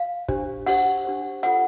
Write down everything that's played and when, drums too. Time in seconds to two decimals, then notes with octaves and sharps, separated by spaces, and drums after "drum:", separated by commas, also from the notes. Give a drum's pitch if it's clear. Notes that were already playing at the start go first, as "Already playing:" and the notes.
Already playing: F5
0.28 D4 G4 C5, drum: kick
0.66 D4 G4 C5 F#5, drum: open hi-hat
1.05 D4 G4 C5
1.43 F4 A4 C5 F#5, drum: hi-hat